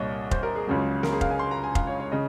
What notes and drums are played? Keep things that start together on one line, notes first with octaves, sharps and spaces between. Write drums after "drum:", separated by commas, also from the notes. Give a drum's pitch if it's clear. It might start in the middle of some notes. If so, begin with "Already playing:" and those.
Already playing: C2 A#2 C#5 D#5
C5, drum: kick F1
A#4
G#4
C#2 C#3 F#3
A#4, drum: snare
G#4
F5, drum: kick F1
G#5
C6
A#5
G#5
F5, drum: kick F1
C#5
C#5
C#3 D#5